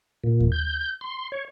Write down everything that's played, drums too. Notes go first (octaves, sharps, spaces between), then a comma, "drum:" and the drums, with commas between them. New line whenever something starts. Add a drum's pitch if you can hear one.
A#2
drum: kick D#2
G6
C6
C#5